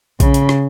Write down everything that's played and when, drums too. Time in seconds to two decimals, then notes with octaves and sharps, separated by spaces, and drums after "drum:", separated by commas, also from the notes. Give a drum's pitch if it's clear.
0.20 C#3, drum: kick A#1, hi-hat
0.34 drum: hi-hat
0.49 drum: rim click